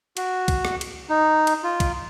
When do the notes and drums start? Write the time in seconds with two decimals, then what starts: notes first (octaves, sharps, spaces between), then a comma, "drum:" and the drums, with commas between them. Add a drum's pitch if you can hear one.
0.17 F#4, drum: cymbal
0.48 drum: kick, cymbal
0.65 drum: rim click
0.81 drum: cymbal
1.09 D#4
1.47 drum: cymbal
1.64 F4
1.80 drum: kick, cymbal